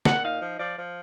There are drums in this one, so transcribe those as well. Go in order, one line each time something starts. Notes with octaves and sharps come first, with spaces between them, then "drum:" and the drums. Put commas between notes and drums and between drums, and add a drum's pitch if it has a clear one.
A#2 F#5, drum: snare
D#4 F5
F3
F3 D5
F3